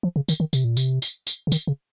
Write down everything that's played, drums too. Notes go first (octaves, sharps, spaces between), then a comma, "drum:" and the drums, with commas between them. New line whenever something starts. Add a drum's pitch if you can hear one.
F3
C#3
D#3, drum: tambourine
D#3
C3, drum: tambourine
A#2
C3, drum: tambourine
drum: tambourine
drum: tambourine
C#3
D#3, drum: tambourine
C#3